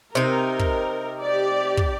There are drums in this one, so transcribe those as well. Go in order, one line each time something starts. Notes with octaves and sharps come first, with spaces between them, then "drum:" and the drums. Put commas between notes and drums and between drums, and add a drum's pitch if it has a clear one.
C3 D#4 A#4
drum: kick
G4 D5
drum: kick